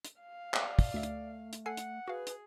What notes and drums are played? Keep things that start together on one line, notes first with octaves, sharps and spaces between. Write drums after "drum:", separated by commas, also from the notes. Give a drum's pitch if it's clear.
drum: hi-hat
F5
D5 F6 F#6, drum: clap
drum: kick, open hi-hat
D2 A3 E5
drum: hi-hat
drum: hi-hat
A4 F#5 G#5 C7
drum: hi-hat
F#4 G#4 B4 F5
drum: hi-hat